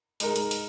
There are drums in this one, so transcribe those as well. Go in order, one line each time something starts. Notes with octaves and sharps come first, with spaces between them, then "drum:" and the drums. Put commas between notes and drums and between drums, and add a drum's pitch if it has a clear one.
G#3 D#4 A#4, drum: hi-hat
drum: hi-hat
drum: hi-hat